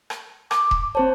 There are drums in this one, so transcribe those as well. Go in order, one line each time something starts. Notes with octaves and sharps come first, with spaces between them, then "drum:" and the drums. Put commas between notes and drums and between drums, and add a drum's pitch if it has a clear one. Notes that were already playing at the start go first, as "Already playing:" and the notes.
drum: rim click
D6, drum: rim click
drum: kick E1
C4 C5 C#5 A5